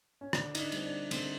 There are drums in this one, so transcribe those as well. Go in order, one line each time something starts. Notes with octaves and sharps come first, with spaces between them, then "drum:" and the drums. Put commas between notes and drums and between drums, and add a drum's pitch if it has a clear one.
C#4
D3 D4, drum: rim click
D#4, drum: cymbal
D4
G3 C4, drum: cymbal
D4
D3 C4, drum: cymbal